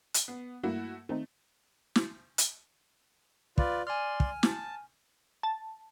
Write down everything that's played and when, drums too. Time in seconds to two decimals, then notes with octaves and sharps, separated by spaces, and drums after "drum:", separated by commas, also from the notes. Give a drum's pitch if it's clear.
0.14 drum: hi-hat
0.28 B3 C7
0.63 G2 A3 A#3 E4 F#4
1.09 D#3 A3 C4 D#4
1.96 drum: snare
2.38 drum: hi-hat
3.58 F4 B4 D5, drum: kick
3.87 D5 G#5 C6 F6
4.20 drum: kick
4.43 A5, drum: snare
5.43 A5